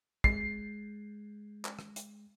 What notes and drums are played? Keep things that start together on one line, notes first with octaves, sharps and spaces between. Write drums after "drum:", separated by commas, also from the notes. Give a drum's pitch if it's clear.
G#3 C7, drum: kick
drum: clap
drum: rim click
drum: hi-hat